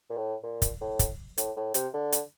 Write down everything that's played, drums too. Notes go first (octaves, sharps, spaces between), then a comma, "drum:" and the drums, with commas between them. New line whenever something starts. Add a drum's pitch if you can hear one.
A#2
A2
A#2
drum: kick, hi-hat
A2
drum: kick, hi-hat
A2, drum: hi-hat
A2
C3, drum: hi-hat
D3
drum: hi-hat